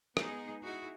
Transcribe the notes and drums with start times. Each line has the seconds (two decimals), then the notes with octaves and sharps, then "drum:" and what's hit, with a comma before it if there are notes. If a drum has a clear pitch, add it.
0.17 G#3 B3 D#4 G#4, drum: rim click
0.62 D#4 E4 F#4 G#4